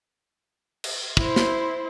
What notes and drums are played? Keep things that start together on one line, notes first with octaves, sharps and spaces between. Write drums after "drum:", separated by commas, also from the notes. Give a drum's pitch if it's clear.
drum: cymbal
E4 C5, drum: kick
drum: snare